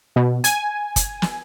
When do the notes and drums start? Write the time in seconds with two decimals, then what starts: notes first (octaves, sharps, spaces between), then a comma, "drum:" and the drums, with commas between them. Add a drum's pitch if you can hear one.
0.16 B2
0.44 G#5, drum: hi-hat
0.96 drum: kick, hi-hat
1.22 drum: snare